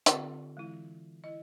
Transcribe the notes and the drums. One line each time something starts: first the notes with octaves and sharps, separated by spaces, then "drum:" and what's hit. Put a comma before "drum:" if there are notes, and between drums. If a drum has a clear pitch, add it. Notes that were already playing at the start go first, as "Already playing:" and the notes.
D3 C4 F4 G4 A4, drum: hi-hat
E3 G#3 E4
E4 D#5